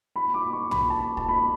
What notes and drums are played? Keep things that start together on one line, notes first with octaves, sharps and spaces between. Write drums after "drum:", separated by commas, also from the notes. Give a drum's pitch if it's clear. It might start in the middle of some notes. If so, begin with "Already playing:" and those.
B5
D6
C#6
B5, drum: tom
A5
A5, drum: kick
B5